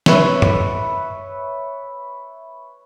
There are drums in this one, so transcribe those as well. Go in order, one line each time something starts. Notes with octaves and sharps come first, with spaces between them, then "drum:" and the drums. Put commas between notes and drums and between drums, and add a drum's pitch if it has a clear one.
B4 C#5 E5, drum: snare
drum: tom F#2